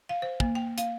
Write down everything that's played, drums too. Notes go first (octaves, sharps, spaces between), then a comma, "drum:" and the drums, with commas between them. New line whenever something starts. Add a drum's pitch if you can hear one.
F5
C5
A#3, drum: kick
G5
F5, drum: hi-hat